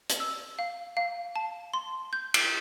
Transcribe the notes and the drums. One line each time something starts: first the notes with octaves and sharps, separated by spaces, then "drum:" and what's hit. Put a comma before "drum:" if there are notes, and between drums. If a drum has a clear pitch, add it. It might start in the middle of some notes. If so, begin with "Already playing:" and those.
drum: hi-hat
E6
F5
F5
A5
C6
G6
drum: cymbal